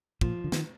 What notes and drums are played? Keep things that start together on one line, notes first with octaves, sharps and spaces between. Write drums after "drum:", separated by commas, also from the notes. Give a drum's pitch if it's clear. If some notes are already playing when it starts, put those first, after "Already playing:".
A#2 F3, drum: kick
D3
D#3, drum: snare